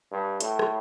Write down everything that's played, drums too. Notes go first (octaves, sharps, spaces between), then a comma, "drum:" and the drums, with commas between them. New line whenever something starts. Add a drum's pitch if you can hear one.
G2
A2, drum: hi-hat
drum: rim click